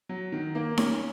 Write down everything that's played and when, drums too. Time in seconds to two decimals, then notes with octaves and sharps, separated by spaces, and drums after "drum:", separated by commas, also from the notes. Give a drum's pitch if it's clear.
0.09 F#3
0.32 D#3
0.55 A#3
0.78 C#4, drum: snare D#4